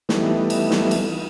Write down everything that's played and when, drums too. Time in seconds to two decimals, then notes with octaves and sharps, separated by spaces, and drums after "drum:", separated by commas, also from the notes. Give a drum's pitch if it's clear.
0.09 E3 G3 A3 B3 D#4, drum: snare
0.50 drum: cymbal
0.71 drum: snare
0.91 drum: cymbal